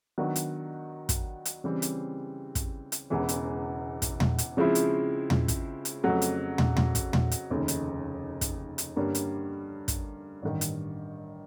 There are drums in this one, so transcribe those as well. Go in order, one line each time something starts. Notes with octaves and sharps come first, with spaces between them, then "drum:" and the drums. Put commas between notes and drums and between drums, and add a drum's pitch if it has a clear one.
D#3 F#3 B3 D4 F#4
drum: hi-hat
drum: kick, hi-hat
drum: hi-hat
C#3 E3 G3 C4
drum: hi-hat
drum: kick, hi-hat
drum: hi-hat
E1 E2 C#3 E3 G#3
drum: hi-hat
drum: kick, hi-hat
drum: tom
drum: hi-hat
C#3 F3 G#3 C4 E4
drum: hi-hat
drum: tom
drum: kick, hi-hat
drum: hi-hat
F2 C#3 F#3 A3
drum: hi-hat
drum: tom
drum: tom
drum: kick, hi-hat
drum: tom
drum: hi-hat
F1 D#2 C#3
drum: hi-hat
drum: kick, hi-hat
drum: hi-hat
G2 D3 G3 A#3 C#4
drum: hi-hat
drum: kick, hi-hat
A1 G2 D#3
drum: hi-hat